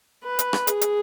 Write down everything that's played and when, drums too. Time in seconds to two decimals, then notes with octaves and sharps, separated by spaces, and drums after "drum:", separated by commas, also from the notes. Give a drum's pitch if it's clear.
0.25 B4
0.39 drum: hi-hat
0.53 drum: rim click
0.67 G#4, drum: hi-hat
0.81 drum: hi-hat